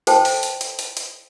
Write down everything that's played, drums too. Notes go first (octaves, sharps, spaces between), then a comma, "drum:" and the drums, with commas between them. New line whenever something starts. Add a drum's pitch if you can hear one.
A4 C5 G5 A5, drum: hi-hat
drum: open hi-hat
drum: hi-hat
drum: hi-hat
drum: hi-hat
drum: hi-hat